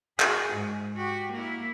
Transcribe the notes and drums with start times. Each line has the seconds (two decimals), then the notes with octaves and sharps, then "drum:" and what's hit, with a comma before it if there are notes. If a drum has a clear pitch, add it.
0.20 F#4 G#4, drum: clap
0.53 G#2
0.96 F#4 G4
1.32 A#3 E4